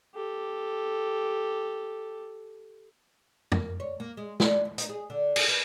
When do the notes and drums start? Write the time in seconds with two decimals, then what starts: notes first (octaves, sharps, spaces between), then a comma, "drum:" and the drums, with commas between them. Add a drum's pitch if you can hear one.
0.15 G4 A4
3.52 A#3, drum: tom
3.80 C#5
4.00 A#3
4.17 G#3
4.40 D4, drum: snare
4.65 D#2
4.78 D#4, drum: hi-hat
4.89 G#4
5.10 D3
5.36 G#4, drum: cymbal
5.48 B4